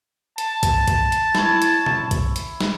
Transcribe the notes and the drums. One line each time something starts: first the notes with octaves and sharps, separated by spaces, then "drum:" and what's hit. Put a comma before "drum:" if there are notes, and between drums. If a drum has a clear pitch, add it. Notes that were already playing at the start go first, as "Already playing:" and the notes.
A5, drum: hi-hat
drum: kick, hi-hat
drum: kick, hi-hat
drum: hi-hat
E4 C#5, drum: snare
drum: hi-hat
drum: tom B2
drum: kick, hi-hat
drum: hi-hat
drum: snare